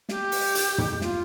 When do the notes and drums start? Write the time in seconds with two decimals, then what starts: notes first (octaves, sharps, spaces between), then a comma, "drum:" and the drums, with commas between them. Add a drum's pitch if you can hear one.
0.09 G4, drum: snare
0.32 drum: open hi-hat
0.55 drum: hi-hat
0.78 drum: tom
1.01 F4, drum: snare